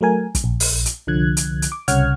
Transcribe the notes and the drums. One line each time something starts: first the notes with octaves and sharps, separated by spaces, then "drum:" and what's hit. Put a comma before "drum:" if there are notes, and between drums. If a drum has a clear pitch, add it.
F#3 A3 A#4 G#5
drum: kick, hi-hat
A#1
drum: open hi-hat
drum: hi-hat
C2 D3 F3 F#6 G#6
drum: hi-hat
drum: hi-hat
D6
C2 C#3 C#5 F#5 F6 G#6, drum: hi-hat